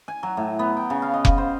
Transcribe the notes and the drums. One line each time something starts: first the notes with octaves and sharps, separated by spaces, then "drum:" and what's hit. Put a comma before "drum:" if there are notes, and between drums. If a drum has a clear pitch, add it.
G#5
F#3
A2
B3
G5
C#3
F5
D#5
drum: kick F1
C5